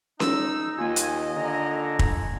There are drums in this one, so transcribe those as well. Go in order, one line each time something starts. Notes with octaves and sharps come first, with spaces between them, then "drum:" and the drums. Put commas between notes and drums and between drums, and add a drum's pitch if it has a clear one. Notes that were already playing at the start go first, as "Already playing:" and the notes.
D#4 E6, drum: snare C#4
D#2 A#3 F4 D#5 G#5
drum: hi-hat
D3 G#5 A#5
drum: kick